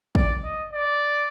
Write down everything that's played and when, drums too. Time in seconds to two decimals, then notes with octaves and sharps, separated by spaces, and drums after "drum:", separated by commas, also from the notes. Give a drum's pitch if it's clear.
0.15 D5, drum: kick
0.44 D#5
0.73 D5